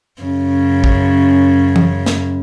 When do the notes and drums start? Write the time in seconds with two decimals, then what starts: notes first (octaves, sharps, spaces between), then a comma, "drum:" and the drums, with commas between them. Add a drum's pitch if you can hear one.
0.22 F#2 C#3
0.84 drum: kick
1.76 drum: tom E3
2.06 drum: snare